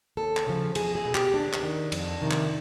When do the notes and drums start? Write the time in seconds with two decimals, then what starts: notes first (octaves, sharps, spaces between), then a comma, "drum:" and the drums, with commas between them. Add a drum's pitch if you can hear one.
0.17 D#2 A4
0.37 drum: clap
0.47 C#3 F3
0.75 E2 G#4, drum: cymbal
0.95 G#4
1.05 B2
1.15 G4, drum: clap
1.33 D#2 D4
1.53 drum: clap
1.63 D#3
1.92 F2, drum: cymbal
2.22 C3 D#3
2.31 drum: clap